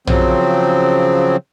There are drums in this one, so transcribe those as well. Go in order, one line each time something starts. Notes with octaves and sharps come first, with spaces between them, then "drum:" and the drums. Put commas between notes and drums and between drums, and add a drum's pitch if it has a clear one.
C#3 F3 F#3 C4, drum: tom A#1